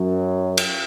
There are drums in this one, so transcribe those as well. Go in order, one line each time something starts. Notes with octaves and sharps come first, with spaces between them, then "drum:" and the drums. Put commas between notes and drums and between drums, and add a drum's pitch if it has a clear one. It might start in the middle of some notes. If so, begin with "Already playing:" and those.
Already playing: F#2 F#3
drum: cymbal